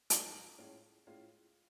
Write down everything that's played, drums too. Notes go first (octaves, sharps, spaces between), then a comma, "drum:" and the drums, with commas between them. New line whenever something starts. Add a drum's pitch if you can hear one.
G#2 F#3 A3 F4, drum: hi-hat
A2 G#3 C#4 F4
A2 G#3 C#4 F4